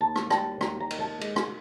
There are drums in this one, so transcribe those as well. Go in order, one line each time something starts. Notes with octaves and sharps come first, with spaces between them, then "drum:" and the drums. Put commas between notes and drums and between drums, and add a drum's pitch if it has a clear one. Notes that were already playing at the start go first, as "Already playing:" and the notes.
D#2 A5
drum: rim click
G3 A5, drum: rim click
D#2 A#5, drum: rim click
A#5
D#3, drum: cymbal
A5
G#3, drum: cymbal
drum: rim click